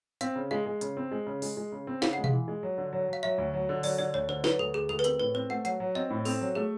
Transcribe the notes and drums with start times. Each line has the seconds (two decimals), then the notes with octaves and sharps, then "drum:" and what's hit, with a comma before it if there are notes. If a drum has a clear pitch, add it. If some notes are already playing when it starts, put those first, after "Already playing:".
0.21 C4 F5, drum: hi-hat
0.36 C#3
0.51 G#3 F5
0.66 G#3
0.81 C#3, drum: hi-hat
0.97 C4
1.11 G#3
1.27 C#3
1.42 G#3, drum: open hi-hat
1.57 G#3
1.72 C#3
1.87 C4
2.02 C#3 F5, drum: snare
2.13 G#3 F#5
2.24 F5, drum: tom B2
2.32 E3
2.48 G#3
2.63 F#3
2.78 D3
2.92 F#3
3.08 F#3 F5
3.23 F#3 E5
3.38 D2
3.54 F#3
3.69 D3
3.83 F#3 D5, drum: open hi-hat
3.99 D3 D5
4.14 D2 C#5
4.29 D3 C5
4.44 F#3 B4, drum: snare
4.59 D2 A4
4.74 D2 G#4
4.89 D2 A4
4.99 B4
5.04 C4 A#4, drum: hi-hat
5.20 A2 B4
5.34 C4 C5
5.50 A3 F#5
5.65 F#3 F#5, drum: hi-hat
5.80 F#3
5.95 C4 D#5
6.10 A2
6.25 C4 A4, drum: open hi-hat
6.41 F#3
6.55 A3 G#4